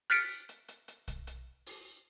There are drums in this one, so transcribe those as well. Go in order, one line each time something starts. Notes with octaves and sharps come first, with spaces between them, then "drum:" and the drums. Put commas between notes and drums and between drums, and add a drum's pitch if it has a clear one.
F6 F#6 A6 B6 C#7 D7, drum: open hi-hat
drum: hi-hat
drum: hi-hat
drum: hi-hat
drum: kick, hi-hat
drum: hi-hat
drum: open hi-hat